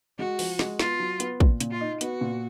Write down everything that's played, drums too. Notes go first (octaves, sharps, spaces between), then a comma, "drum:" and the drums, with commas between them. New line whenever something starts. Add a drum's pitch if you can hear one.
G#3 F#4
F3, drum: open hi-hat
G#3, drum: snare
B3 F4, drum: snare
F#3
B3, drum: hi-hat
A#2, drum: kick
A#2, drum: hi-hat
F4
D#4
B3 F#4, drum: hi-hat
A#2